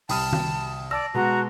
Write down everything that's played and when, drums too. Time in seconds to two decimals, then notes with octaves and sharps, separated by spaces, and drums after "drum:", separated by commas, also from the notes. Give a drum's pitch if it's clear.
0.09 C2 G5 A5 B5 D#6 F6, drum: open hi-hat
0.33 drum: tom D#3
0.91 D5 A5 E6 A#6
1.14 B2 G#3 F#4 A#5